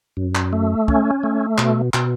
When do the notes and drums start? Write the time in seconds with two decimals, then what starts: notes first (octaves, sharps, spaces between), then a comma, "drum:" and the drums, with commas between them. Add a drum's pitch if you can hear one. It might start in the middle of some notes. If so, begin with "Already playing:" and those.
0.17 F#2
0.35 drum: clap
0.53 A3
0.88 C#4, drum: kick
1.23 A3
1.58 B2, drum: clap
1.94 B2, drum: clap